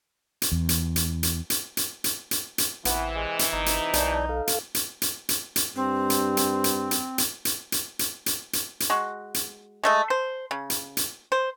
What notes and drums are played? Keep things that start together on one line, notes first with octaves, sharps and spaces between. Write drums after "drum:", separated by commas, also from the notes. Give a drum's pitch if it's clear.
drum: hi-hat
E2
drum: hi-hat
drum: hi-hat
drum: hi-hat
drum: hi-hat
drum: hi-hat
drum: hi-hat
drum: hi-hat
drum: hi-hat
A1 C3 E3 B3, drum: hi-hat
G#3
drum: hi-hat
G1 D#4
drum: hi-hat
B1 D5 A5 G6, drum: hi-hat
A4 F5
drum: hi-hat
drum: hi-hat
drum: hi-hat
drum: hi-hat
drum: hi-hat
G2 C4
drum: hi-hat
drum: hi-hat
drum: hi-hat
drum: hi-hat
drum: hi-hat
drum: hi-hat
drum: hi-hat
drum: hi-hat
drum: hi-hat
drum: hi-hat
drum: hi-hat
G#3 F#4
drum: hi-hat
G#3 A3 D#5
C5
C#3
drum: hi-hat
drum: hi-hat
C5